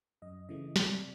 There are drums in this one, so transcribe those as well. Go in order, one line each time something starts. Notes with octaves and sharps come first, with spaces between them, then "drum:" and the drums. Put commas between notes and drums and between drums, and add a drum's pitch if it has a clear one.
F#2 D#5
C#3 E3 A3 D#5
C3 D5, drum: snare